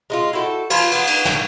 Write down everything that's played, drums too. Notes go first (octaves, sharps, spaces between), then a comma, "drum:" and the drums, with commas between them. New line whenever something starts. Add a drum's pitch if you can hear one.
G#3 D#4 F4
E4 F#4 A4 G5
F3 F4 B4, drum: cymbal
B3, drum: cymbal
drum: cymbal
drum: snare